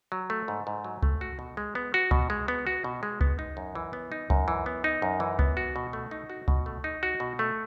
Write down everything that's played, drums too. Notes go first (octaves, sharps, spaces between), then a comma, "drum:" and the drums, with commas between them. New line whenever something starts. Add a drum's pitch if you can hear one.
F#3
A3
G#2
G#2
F#3
A3, drum: kick C#2
F#4
B2
G#3
B3
F#4
B2, drum: kick C#2
G#3
B3
F#4
B2
G#3
B3, drum: kick C#2
D#4
F#2
E3
B3
D#4
F#2, drum: kick C#2
E3
B3
D#4
F#2
E3
B3, drum: kick C#2
F#4
B2
A3
D#4
F#4
B2, drum: kick C#2
A3
D#4
F#4
B2
A3